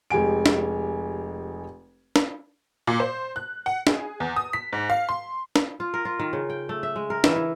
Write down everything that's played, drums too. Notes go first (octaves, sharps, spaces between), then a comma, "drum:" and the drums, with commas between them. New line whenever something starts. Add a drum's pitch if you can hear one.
F1 G#3 G4 G#5 D7
drum: snare
drum: snare
A#2
C5
F#6
F#5
G#4, drum: snare
E2
D#6
B6
G#2
F5
C6
drum: snare
F4
A#4
F4
D#3
C#3
G5
A3
E5
G#3
A#4
E3, drum: snare
E4